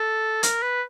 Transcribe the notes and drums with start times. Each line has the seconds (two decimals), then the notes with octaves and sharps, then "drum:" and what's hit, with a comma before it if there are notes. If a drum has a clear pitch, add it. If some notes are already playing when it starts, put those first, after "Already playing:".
Already playing: A4
0.43 A#4, drum: hi-hat
0.62 B4